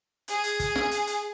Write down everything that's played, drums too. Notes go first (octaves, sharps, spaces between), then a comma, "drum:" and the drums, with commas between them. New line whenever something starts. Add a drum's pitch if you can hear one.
G#4, drum: hi-hat
drum: hi-hat
drum: kick, hi-hat
drum: snare
drum: hi-hat
drum: hi-hat